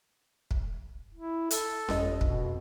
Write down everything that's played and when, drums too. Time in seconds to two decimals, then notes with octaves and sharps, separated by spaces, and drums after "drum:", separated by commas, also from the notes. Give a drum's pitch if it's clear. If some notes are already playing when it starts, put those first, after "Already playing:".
0.51 drum: kick
1.15 E4
1.51 A4, drum: hi-hat
1.89 G1 F2 D#5, drum: snare C#4
2.21 B2, drum: kick
2.45 F2